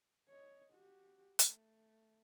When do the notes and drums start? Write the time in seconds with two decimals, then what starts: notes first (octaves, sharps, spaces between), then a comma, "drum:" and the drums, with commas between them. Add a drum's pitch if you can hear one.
0.29 C#5 D#5
0.73 F#4 G4
1.39 A3, drum: hi-hat